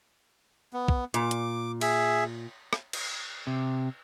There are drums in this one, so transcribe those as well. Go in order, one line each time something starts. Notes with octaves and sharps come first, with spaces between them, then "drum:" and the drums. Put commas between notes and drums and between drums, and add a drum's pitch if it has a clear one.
B3
drum: kick A#1
A#2 D6, drum: hi-hat
drum: hi-hat
G#4 E5, drum: cymbal
drum: rim click
drum: cymbal
C3